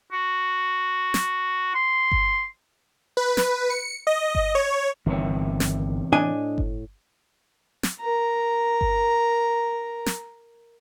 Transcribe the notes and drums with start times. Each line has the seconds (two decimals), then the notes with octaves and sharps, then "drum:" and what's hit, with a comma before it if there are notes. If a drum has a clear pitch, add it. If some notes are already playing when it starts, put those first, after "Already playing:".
0.13 F#4
1.14 drum: snare
1.75 C6
2.12 drum: kick G1
3.17 B4
3.37 drum: snare
3.70 C#7
4.07 D#5
4.35 drum: kick G1
4.55 C#5
5.06 G1 E2 C3 D#3 C#5
5.60 drum: snare
6.12 A2 D4 D#5 G#5
6.58 drum: kick G1
7.83 drum: snare
8.01 A#4 A#5
8.81 drum: kick G1
10.06 drum: snare